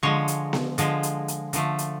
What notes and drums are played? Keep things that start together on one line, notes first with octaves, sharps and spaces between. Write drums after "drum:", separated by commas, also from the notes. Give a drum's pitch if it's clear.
D3 F3 G#3 C#5
drum: hi-hat
drum: snare B3
D3 F3 G#3, drum: hi-hat
drum: hi-hat
drum: hi-hat
D3 F3 A3, drum: hi-hat
drum: hi-hat